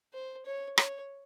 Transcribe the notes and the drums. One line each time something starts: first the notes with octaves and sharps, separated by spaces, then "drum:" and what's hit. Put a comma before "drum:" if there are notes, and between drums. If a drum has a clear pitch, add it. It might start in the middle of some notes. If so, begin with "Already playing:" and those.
C5
C#5
C#5, drum: rim click